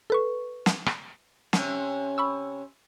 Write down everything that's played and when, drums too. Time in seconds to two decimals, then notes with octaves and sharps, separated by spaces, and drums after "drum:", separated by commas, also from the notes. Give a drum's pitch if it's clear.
0.10 A4 B4 C#6
0.66 drum: snare
0.86 drum: rim click
1.53 C3 C#4, drum: snare
2.18 B5 C#6 E6